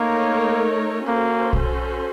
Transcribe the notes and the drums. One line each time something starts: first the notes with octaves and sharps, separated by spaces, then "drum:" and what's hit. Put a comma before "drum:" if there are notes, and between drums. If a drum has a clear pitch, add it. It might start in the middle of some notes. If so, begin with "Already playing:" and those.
Already playing: A3 A#3 D#4 A#4 C#5
A#3 C#4 F#4 A4 C5
drum: kick